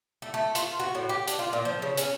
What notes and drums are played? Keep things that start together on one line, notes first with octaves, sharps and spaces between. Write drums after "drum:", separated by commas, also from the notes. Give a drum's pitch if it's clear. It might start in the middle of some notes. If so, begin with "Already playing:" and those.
A3
A3
F4, drum: hi-hat
F#4
A2
G4
D4, drum: hi-hat
F4
A#2
F3
C#3
C#4, drum: hi-hat